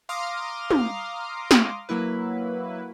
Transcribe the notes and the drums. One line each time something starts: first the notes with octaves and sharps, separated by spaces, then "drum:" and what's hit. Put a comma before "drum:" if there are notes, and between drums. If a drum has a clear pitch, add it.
F5 A#5 C6 D6 D#6 F6
drum: tom
drum: snare
F#3 A#3 E4 B4